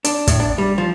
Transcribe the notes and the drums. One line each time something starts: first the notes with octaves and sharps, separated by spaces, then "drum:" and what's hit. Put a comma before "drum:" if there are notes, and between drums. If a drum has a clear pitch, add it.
D4, drum: hi-hat
A2, drum: kick, hi-hat
D4
G3
F3